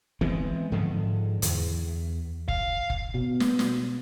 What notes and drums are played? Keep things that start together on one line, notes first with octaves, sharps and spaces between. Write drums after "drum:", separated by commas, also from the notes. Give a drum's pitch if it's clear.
E3 G#3 B3 C4, drum: kick F#1
G#2 D3 D#3 F3
E2, drum: hi-hat
F5, drum: kick F#1
drum: kick F#1
B2
drum: snare
drum: snare